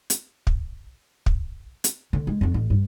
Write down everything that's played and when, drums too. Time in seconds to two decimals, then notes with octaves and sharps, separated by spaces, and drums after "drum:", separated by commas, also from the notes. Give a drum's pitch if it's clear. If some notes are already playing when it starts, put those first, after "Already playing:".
0.10 drum: hi-hat
0.47 drum: kick
1.26 drum: kick
1.84 drum: hi-hat
2.13 D3
2.27 G#3
2.41 F2 F#3
2.54 A1
2.70 G2